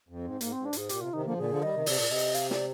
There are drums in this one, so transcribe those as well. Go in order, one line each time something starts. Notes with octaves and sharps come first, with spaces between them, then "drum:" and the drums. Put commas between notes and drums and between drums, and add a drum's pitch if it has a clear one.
F2
C4
G#2
G#2 A#3, drum: hi-hat
G#2 C4
D4
G#2 G#4, drum: hi-hat
A#2 G4, drum: hi-hat
C3 F4
C3 D#3 D#4
D3 F3 A#3
A#2 D3 G#4
D3 F3
D#3 G3 D#5
C3 D#3
C3 D5, drum: open hi-hat
A#2
C3 D#5
drum: hi-hat
F5, drum: hi-hat
D5, drum: snare